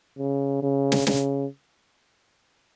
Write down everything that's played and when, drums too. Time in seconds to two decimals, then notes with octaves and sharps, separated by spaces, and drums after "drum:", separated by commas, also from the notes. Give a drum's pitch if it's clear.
0.18 C#3
0.63 C#3
0.92 drum: snare
1.07 C#3, drum: snare